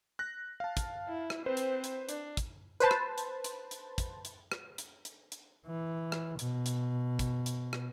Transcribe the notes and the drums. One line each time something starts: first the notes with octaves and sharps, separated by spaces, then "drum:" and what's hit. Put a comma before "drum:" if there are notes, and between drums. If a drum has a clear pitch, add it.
F#6 A#6
F5 A5
drum: kick, hi-hat
E4
drum: rim click
C4 B4 C5
drum: hi-hat
drum: hi-hat
D4, drum: hi-hat
drum: kick, hi-hat
B4 C5 A5
drum: rim click
drum: hi-hat
drum: hi-hat
drum: hi-hat
drum: kick, hi-hat
drum: hi-hat
drum: rim click
drum: hi-hat
drum: hi-hat
drum: hi-hat
E3
drum: rim click
B2, drum: hi-hat
drum: hi-hat
drum: kick, hi-hat
drum: hi-hat
drum: rim click